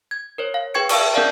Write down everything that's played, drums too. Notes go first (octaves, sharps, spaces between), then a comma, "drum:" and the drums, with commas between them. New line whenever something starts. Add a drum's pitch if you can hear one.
G#6
A#4 C5 C#5
F5
G#4 B4 G5 C#6 G#6 C#7
E5 F5 A5 C#6 D#6, drum: cymbal
C#4 G#4 A#4 D5 F5 A5